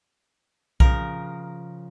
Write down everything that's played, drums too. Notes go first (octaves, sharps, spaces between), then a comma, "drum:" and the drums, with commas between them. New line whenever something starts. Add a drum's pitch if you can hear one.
C#3 F3 A#4, drum: kick B1